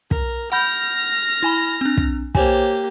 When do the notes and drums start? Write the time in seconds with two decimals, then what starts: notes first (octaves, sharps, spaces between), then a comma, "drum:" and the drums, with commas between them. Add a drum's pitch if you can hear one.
0.11 A#4, drum: kick
0.52 F#5 B5 F6 G6 A#6
1.43 E4 G#5 B5
1.81 C4 D4
1.97 drum: kick
2.35 A#3 G4 C5 C#5 G#5, drum: kick